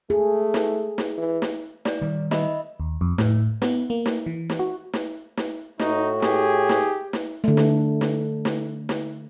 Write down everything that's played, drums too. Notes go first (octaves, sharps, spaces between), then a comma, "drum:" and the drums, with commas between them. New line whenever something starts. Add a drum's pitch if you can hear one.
A3 G#4
drum: snare
drum: snare
E3
drum: snare
D5, drum: snare
D#3 G3
D#5 E5 B5, drum: snare
D#2
F2
A2, drum: snare
B3, drum: snare
A#3
drum: snare
E3
drum: snare
F#4
drum: snare
drum: snare
A2 A3 D#4 F#4, drum: snare
G4 G#4, drum: snare
drum: snare
drum: snare
D3 A3
drum: snare
drum: snare
drum: snare
drum: snare